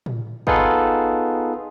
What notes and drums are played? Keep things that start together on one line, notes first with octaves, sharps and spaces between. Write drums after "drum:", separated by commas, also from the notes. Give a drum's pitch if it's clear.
drum: tom A2
B3 D#4 F4 G#4 A4 B4, drum: kick